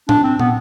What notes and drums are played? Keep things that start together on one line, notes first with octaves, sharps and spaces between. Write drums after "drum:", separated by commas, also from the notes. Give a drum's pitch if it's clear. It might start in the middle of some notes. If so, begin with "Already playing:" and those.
D4, drum: tom A2
C4
B3, drum: tom